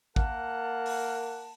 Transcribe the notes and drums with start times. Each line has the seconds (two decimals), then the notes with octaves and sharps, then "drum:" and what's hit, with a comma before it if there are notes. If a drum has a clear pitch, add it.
0.16 A#3 A#4 F#5 A5, drum: kick
0.86 drum: open hi-hat